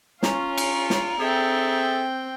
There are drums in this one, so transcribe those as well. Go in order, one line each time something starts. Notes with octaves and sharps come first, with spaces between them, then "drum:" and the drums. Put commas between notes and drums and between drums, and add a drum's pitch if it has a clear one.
C#4 F4 A#5, drum: snare
drum: cymbal
drum: snare
C4 G#4 A4 E5 G5